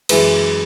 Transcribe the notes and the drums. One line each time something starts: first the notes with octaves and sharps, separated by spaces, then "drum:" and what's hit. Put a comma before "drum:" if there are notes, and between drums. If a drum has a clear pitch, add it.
F#2 E3 G#3 G#4 B4, drum: cymbal